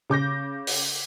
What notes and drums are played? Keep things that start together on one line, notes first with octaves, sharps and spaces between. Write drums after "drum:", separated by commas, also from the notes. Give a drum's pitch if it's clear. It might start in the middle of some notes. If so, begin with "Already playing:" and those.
C#3 D6 G6 A#6
drum: open hi-hat